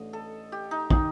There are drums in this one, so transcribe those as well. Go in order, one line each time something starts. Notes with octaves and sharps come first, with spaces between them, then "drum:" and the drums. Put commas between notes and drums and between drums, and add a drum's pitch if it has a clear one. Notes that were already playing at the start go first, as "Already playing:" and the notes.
Already playing: A1 A3 D4 D#5
A4
G4
D#4
D#3 D#4, drum: kick